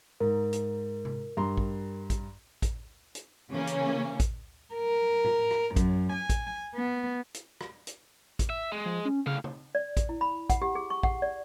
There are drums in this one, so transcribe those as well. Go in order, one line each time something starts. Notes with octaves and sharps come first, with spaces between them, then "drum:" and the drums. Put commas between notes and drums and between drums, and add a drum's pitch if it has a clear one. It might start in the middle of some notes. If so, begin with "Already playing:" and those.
G#2 A#4
drum: hi-hat
drum: tom C3
G2 A#5 C6
drum: kick A1
drum: kick A1, hi-hat
drum: kick A1, hi-hat
drum: hi-hat
C#3 E3 A#3 C#4
drum: hi-hat
drum: kick A1, hi-hat
A#4
drum: tom A2
drum: rim click
F#2, drum: kick A1, hi-hat
G#5
drum: kick A1, hi-hat
B3
drum: hi-hat
drum: rim click
drum: hi-hat
drum: kick A1, hi-hat
E5
G#3
F3
C#4
A2 C#3 F5
drum: tom C#3
D5
drum: kick A1, hi-hat
E4
B5
F#5, drum: kick A1, hi-hat
G4
G#4
C#6
F#5, drum: kick A1
D5